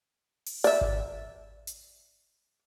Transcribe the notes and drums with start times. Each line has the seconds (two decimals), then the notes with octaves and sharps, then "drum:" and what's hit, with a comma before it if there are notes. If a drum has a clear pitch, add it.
0.46 drum: open hi-hat
0.64 D5 E5, drum: hi-hat
0.81 drum: kick G#1
1.67 drum: hi-hat